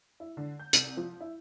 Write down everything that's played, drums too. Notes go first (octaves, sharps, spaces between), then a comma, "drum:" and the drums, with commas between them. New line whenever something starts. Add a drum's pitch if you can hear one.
E4
D3
G6
C2, drum: hi-hat
F3
E4